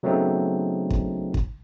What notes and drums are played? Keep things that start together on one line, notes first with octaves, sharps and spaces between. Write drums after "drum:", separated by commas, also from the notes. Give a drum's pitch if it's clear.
C#3 F#3 A3 B3 C4 D#4
drum: kick
drum: kick